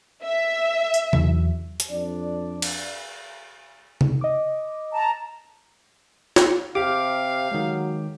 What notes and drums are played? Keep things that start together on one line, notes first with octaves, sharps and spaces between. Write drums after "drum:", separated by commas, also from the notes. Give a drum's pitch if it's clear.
E5
drum: tambourine
E2 E3 F#3, drum: tom C3
drum: hi-hat
F2 D4 D5
drum: cymbal
drum: tom C3
D#5 D6
A5 A#5
drum: snare
C3 G4 F5 D6 F6
D#3 F#3 G#3